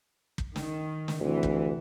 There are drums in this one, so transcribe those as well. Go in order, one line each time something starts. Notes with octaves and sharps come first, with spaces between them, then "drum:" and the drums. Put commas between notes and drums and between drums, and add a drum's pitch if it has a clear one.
drum: kick
D#3, drum: snare
drum: snare
D2 C3 E3
drum: kick